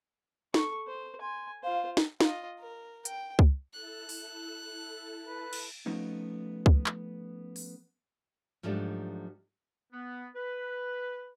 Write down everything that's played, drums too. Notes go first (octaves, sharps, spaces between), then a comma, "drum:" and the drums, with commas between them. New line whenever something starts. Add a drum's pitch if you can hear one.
A4 C#6, drum: snare
C5
G#5 C6
F4 C5 F5
drum: snare
F4 D#5, drum: snare
A#4
G5, drum: hi-hat
drum: kick C#2
E4 A4 A5 F#6
drum: open hi-hat
B4
drum: cymbal
F3 A3 B3 C#4 D#4
drum: kick C#2
drum: clap
drum: open hi-hat
G#2 F3 F#3 A3 D4 G4
B3
B4